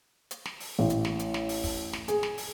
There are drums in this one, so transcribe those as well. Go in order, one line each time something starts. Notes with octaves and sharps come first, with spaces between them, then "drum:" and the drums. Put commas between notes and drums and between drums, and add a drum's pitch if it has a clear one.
drum: hi-hat
drum: snare
drum: open hi-hat
A1
drum: hi-hat
drum: snare
drum: hi-hat
drum: snare
drum: open hi-hat
drum: kick, open hi-hat
drum: snare
G#4, drum: hi-hat
drum: snare
drum: open hi-hat